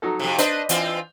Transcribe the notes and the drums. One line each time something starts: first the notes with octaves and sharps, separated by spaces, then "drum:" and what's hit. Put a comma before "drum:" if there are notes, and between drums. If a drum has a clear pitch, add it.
F#3 D#4 A4
F2 C3
D4 B4 C5 D#5, drum: hi-hat
E3 C4 F4, drum: hi-hat